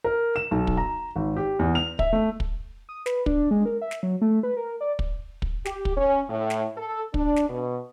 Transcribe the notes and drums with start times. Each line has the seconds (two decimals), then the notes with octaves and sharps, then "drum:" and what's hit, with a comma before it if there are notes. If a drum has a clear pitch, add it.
0.04 A#4
0.36 E7
0.51 B1
0.67 drum: kick
0.77 A#5
1.16 G#1
1.37 G4
1.59 E2
1.75 F7
1.99 E5, drum: kick
2.13 A3
2.40 drum: kick
2.89 D#6
3.06 B4, drum: snare
3.26 D4, drum: kick
3.51 G#3
3.66 A#4
3.82 E5
3.91 drum: snare
4.03 F#3
4.21 A3
4.43 B4
4.57 A#4
4.81 D5
4.99 drum: kick
5.42 drum: kick
5.65 G4, drum: snare
5.85 drum: kick
5.96 C#4
6.30 A2
6.50 drum: snare
6.77 A4
7.14 D4, drum: kick
7.36 drum: snare
7.49 B2